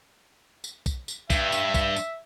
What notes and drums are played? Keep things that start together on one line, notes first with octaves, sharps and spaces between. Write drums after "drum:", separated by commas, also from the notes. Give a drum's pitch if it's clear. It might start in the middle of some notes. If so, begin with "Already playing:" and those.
drum: tambourine
drum: kick B1, tambourine
drum: tambourine
G2 E5, drum: kick B1, tambourine
drum: tambourine
drum: kick B1, tambourine
drum: tambourine